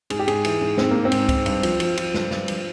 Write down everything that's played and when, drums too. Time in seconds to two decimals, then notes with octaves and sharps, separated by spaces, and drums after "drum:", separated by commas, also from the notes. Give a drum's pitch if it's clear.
0.10 G#2 G#4, drum: cymbal
0.19 G4
0.28 G#2 G#4, drum: cymbal
0.45 E3, drum: cymbal
0.61 G#2
0.77 G#2 C4, drum: snare
0.91 G#2 A#3
1.05 C4
1.12 G#2, drum: cymbal
1.29 G#2, drum: kick, cymbal
1.46 G2, drum: cymbal
1.63 F3, drum: cymbal
1.80 F3, drum: cymbal
1.97 F3, drum: cymbal
2.14 G2, drum: snare
2.31 G2, drum: snare
2.48 F3, drum: cymbal